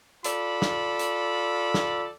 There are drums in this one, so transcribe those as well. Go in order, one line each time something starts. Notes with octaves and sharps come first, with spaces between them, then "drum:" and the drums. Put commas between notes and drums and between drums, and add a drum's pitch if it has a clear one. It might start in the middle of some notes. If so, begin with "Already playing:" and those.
F4 A4 D5 B5, drum: hi-hat
drum: snare
drum: hi-hat
drum: snare